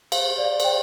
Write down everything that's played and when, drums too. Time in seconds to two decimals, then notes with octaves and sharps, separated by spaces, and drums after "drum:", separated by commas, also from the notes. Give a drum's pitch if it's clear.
0.12 C5 F5, drum: cymbal
0.38 D5
0.44 F5
0.60 C5 G5, drum: cymbal